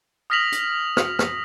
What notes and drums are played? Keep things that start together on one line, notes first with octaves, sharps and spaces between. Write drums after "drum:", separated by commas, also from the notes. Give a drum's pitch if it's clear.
D#6 F6 A#6 B6 F7 F#7
drum: hi-hat
drum: rim click
drum: rim click